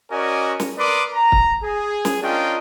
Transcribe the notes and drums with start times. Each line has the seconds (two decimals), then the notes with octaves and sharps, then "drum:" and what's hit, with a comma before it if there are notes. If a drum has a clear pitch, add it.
0.11 C#4 F#4 A#4 D5 D#5 G#5
0.60 drum: snare
0.78 A#4 B4 D5 C6 D6 D#6
1.13 A#5
1.32 drum: kick
1.64 G#4
2.05 drum: snare
2.22 C#4 D4 F4 A#4 D#5 G5